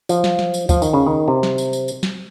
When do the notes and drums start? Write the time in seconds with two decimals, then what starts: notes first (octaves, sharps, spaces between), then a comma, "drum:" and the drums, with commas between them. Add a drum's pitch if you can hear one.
0.09 F3, drum: tambourine
0.24 drum: snare
0.39 drum: snare
0.54 drum: tambourine
0.69 F3, drum: kick D2, tambourine
0.82 D#3, drum: tambourine
0.93 C#3
1.06 D#3
1.28 C3
1.43 drum: snare
1.58 drum: tambourine
1.73 drum: tambourine
1.88 drum: tambourine
2.03 drum: snare